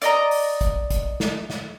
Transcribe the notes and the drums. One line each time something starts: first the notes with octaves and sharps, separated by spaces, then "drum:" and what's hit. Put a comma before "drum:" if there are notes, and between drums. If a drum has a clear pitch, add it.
D5 D#5 A#5, drum: hi-hat
drum: open hi-hat
drum: kick, hi-hat
drum: kick, hi-hat
drum: snare
drum: snare